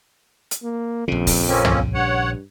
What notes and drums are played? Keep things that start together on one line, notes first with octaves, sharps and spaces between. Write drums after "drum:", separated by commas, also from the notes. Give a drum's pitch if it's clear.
drum: hi-hat
A#3
A#1 F2 C#3
drum: kick, open hi-hat
A#3 C4 C#4
drum: tom
G2 C#5 F#5